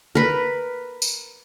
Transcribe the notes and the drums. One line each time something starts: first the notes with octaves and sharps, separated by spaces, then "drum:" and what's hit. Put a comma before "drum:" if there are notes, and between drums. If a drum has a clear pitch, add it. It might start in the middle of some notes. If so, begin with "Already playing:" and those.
A#4 B4
drum: tambourine